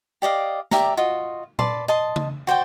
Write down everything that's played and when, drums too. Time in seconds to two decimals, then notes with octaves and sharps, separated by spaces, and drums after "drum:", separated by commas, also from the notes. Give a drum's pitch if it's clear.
0.22 G4 D5 D#5 F5
0.71 G4 D5 E5 A#5, drum: snare
0.97 F4 F#4 D#5
1.59 B4 D5 A5 C6, drum: tom A#2
1.88 D#5 A5 C6
2.16 drum: tom C#3
2.47 F#4 C5 D5 G5